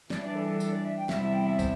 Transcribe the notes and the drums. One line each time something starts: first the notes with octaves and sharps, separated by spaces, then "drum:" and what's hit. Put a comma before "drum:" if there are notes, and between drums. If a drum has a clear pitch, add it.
E3 G3 D4 D5, drum: snare
D5
A4
A4
A4, drum: tambourine
D5
E5
G5
E2 C3 G3 E4 E5, drum: snare
E5
G5
E5
C5, drum: kick, tambourine